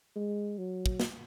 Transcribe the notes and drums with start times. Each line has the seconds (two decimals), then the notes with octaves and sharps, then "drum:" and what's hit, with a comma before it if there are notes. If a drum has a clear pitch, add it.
0.16 G#3
0.58 F#3
0.86 drum: kick
1.00 drum: snare